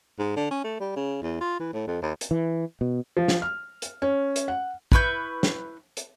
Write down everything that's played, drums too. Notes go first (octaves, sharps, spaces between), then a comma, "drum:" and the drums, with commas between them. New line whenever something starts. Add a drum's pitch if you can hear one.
G#2
D3
C#4
A3
G3
C#3
E2
F4
E3
A2
F2
D#2
drum: hi-hat
E3
B2
F3
drum: snare
F6
drum: hi-hat
C#4
drum: hi-hat
F#5
E4 B4 C#6 G6, drum: kick
drum: snare
drum: hi-hat